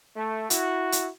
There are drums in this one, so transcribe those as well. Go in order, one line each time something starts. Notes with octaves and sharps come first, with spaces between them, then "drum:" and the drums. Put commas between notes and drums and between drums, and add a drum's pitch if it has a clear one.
A3
E4 F#4, drum: hi-hat
drum: hi-hat